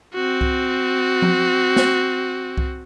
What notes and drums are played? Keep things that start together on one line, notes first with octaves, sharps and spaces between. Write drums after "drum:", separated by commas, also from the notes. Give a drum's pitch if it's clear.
C4 F#4
drum: kick C2
drum: tom F3
drum: snare
drum: kick C2